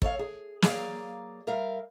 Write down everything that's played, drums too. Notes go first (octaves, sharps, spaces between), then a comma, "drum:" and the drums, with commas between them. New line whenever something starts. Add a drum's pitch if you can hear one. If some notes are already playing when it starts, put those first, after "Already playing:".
A4 C#5 D5 F5, drum: kick
G#4
F#3 A#3 G#4 D5 F5, drum: snare
G3 A#4 E5 F5